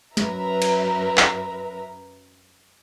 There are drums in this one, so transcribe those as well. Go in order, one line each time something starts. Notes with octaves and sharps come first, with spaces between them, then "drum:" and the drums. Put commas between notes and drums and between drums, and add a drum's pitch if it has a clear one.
F#2 A#4 B4 E5 A#5, drum: snare
drum: cymbal
drum: clap